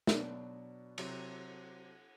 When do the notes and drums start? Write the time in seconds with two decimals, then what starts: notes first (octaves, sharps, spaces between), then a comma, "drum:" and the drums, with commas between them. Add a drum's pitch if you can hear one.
0.07 B2 F#3 B3 D4, drum: snare
0.98 C3 F#3 C4 G4, drum: cymbal